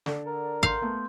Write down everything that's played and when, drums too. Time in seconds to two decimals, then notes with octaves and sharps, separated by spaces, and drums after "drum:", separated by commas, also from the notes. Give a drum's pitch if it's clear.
0.06 D3 A4 D5, drum: snare
0.26 A#4
0.63 F5 C6 G6, drum: kick G#1
0.82 A3 B3